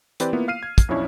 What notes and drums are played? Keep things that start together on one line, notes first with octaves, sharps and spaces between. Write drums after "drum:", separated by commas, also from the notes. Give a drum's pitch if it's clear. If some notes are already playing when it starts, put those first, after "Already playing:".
E3 C4 G4 B4 C5 D5, drum: hi-hat
A#3 B3 E4 F4
F5 F6 C7 D#7
G#6
drum: kick, hi-hat
B1 F2 C#4 D4 E4 C#5